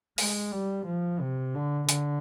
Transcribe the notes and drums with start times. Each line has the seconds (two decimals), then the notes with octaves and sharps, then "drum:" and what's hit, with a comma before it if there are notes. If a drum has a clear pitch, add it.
0.18 G#3, drum: open hi-hat
0.52 G3
0.86 F3
1.21 C3
1.54 D3
1.89 D3, drum: hi-hat